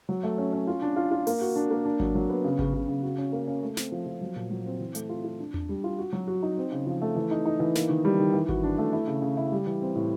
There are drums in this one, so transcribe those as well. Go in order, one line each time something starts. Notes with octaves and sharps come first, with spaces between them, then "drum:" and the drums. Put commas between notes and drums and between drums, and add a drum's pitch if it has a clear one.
F#3
A3
C#4
C#4
F4
D4
F4
F4
A#3, drum: open hi-hat
F#4
D4
A#3
D4
F#3, drum: kick G#1
F#3
B3
C#3
C#3, drum: kick G#1
C#3
C#3
F#4
C#4
A#3
C#4
A3
C4, drum: snare
F3
F3
F#3
A#2
F#3
C4
E3
A3, drum: hi-hat
F4
F4
D4
D4, drum: tom E2
G3
F4
F#4
F#3
F#4
D#4
C4
C#3
F3
A3
E3
D#4
D#4
E3
A#3, drum: snare
D#3
G3
D#3
E3
F#4, drum: kick G#1
D4
A3
E4
C#3
C#3
E4
G3
E3
C4
A2